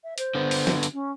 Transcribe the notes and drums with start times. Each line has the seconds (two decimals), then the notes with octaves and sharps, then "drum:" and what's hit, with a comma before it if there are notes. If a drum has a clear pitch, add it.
0.04 E5
0.18 C5, drum: hi-hat
0.35 D3 B3
0.51 drum: open hi-hat
0.67 drum: snare
0.83 drum: hi-hat
0.93 C#4